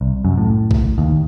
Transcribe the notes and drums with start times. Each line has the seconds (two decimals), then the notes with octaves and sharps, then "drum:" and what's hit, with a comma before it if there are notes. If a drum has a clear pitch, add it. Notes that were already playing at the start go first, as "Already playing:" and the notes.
0.01 C2
0.25 F#2
0.38 A2
0.71 drum: kick A#1
0.98 D#2